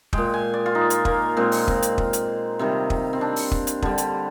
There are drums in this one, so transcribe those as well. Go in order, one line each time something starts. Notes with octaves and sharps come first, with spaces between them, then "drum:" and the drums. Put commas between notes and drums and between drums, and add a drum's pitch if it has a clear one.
A#2 G#3 G5, drum: kick
G#5
D5
F4
D#4
drum: hi-hat
A#3, drum: kick
A#2 G#3 C4
drum: open hi-hat
C4, drum: kick
drum: hi-hat
drum: kick
drum: hi-hat
C3 D#3 G3
drum: kick
C4
D4
drum: open hi-hat
drum: kick
drum: hi-hat
D3 G3, drum: kick
drum: hi-hat